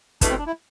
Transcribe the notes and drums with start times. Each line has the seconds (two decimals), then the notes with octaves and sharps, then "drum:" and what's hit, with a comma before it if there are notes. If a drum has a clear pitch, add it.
0.21 E2 B2 A3 D4 E4 B4, drum: kick, hi-hat
0.29 C4
0.38 D4
0.46 E4